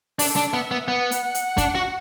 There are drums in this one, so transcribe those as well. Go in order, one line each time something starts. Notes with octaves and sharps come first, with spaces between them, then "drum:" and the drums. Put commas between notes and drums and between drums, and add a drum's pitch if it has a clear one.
D4 A4, drum: open hi-hat
D4
B3 E5
B3
B3 F#5
drum: hi-hat
drum: hi-hat
D4, drum: kick, hi-hat
F#4